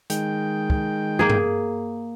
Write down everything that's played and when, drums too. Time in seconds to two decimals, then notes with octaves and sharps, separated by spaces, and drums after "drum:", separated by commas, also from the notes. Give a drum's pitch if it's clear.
0.10 D#3 G#3 G5, drum: hi-hat
0.70 drum: kick
1.19 A#3 G#4
1.30 drum: tom G2